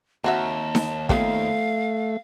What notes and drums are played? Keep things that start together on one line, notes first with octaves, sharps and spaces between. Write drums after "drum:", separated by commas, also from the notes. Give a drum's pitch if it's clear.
D#2 C4 F#4 E5 A5
drum: snare D#4
F3 A3 B3 C4 F5, drum: kick